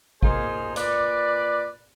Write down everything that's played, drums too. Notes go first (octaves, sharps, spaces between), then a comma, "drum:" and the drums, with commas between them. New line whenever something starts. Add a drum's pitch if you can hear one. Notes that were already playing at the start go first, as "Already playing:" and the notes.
A#3 D#4 F4 G#4 C5, drum: kick G#1
A#2 B4 D5, drum: hi-hat